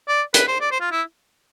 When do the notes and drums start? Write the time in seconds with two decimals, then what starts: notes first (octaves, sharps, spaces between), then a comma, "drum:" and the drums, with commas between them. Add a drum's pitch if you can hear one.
0.08 D5
0.34 B4, drum: hi-hat
0.48 C5
0.60 D5
0.71 C5
0.80 F4
0.91 E4